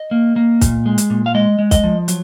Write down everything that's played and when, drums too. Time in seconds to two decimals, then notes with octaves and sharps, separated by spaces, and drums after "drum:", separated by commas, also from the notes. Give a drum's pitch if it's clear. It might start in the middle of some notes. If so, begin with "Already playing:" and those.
Already playing: D#5
0.11 A#3
0.36 A#3
0.61 A#2, drum: kick, hi-hat
0.86 G#3
0.98 drum: hi-hat
1.10 A#2
1.26 F5
1.35 G#3 D#5
1.59 G#3
1.71 D#5, drum: kick, hi-hat
1.84 F3
2.08 F#3, drum: hi-hat